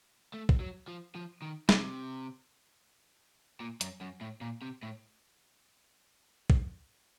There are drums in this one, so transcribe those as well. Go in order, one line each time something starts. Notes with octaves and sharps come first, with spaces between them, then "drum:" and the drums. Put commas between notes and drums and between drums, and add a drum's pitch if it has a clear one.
A3
drum: kick
F#3
F3
F3
D#3
C3, drum: snare
A#2
F#2, drum: hi-hat
F#2
A2
A#2
C3
A2
drum: kick